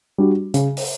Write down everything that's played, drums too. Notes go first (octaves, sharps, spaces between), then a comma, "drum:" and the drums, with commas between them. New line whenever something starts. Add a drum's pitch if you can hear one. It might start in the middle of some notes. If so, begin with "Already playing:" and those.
G3 D4 F#4
C#3, drum: hi-hat
drum: open hi-hat